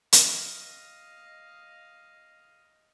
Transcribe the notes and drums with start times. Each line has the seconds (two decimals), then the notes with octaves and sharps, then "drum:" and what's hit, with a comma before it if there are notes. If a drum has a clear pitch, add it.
0.13 D#5 F5, drum: hi-hat